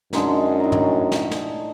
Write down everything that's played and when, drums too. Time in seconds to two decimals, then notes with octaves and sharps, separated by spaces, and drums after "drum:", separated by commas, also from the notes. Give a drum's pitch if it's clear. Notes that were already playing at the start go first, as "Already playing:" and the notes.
0.13 F#2 D3 G#3 D#4, drum: snare
0.60 A2 A#5
0.72 drum: tom
1.12 drum: snare
1.31 drum: snare